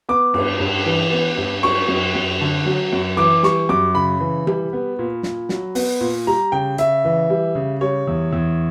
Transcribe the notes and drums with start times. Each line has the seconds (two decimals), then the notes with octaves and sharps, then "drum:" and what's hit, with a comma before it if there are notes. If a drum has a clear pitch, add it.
0.09 B3 D6
0.34 G2, drum: cymbal
0.60 G2
0.86 E3
1.12 B3
1.37 G2
1.63 F#3 C#6, drum: cymbal
1.88 F#2
2.15 F#2
2.41 D3
2.66 F#3
2.93 F#2
3.17 E3 D6
3.43 G3 C#6, drum: snare
3.69 F#2 D6
3.95 C#3 B5
4.20 E3
4.47 G3, drum: tom C3
4.73 B3
4.99 A#2
5.23 A#2, drum: snare
5.49 F#3, drum: snare
5.75 B3, drum: open hi-hat
6.01 A#2
6.27 G3 A#5
6.52 C#3 G5
6.78 C#3 E5, drum: hi-hat
7.05 E3
7.30 G3
7.55 C#3
7.81 G3 C#5
8.07 E2
8.33 E2